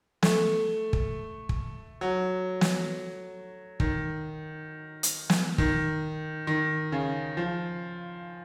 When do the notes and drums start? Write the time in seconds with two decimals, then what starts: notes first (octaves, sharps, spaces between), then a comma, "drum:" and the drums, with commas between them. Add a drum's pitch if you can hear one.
0.23 A3, drum: snare
0.93 drum: kick
1.49 drum: kick
2.01 F#3
2.61 drum: snare
3.80 D#3, drum: kick
5.03 drum: hi-hat
5.30 drum: snare
5.58 D#3, drum: kick
6.47 D#3
6.92 C#3
7.37 F3